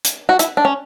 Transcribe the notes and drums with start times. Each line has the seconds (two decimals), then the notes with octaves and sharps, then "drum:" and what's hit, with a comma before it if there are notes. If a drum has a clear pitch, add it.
0.05 drum: hi-hat
0.29 F#4
0.39 E4, drum: hi-hat
0.57 D4
0.65 C#4